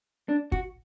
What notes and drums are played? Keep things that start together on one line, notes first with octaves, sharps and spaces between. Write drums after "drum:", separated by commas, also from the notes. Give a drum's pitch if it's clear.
D4
F#4, drum: kick